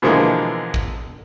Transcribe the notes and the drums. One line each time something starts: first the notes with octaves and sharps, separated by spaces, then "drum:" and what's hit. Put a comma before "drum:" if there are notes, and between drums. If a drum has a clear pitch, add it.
B2 D3 E3 F3 G#3 A#3
drum: kick